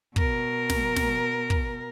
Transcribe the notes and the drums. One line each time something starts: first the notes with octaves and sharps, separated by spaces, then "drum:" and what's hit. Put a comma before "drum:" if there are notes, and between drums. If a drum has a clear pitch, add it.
B2 A#4, drum: kick
drum: snare
drum: snare
drum: kick